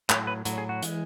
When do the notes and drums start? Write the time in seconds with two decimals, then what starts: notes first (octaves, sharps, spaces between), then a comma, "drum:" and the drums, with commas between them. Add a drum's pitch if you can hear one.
0.10 A2 C#5, drum: clap
0.15 F#3
0.27 B4
0.45 A2 F#3, drum: hi-hat
0.58 G#4
0.69 F#4
0.82 E3 G#3, drum: hi-hat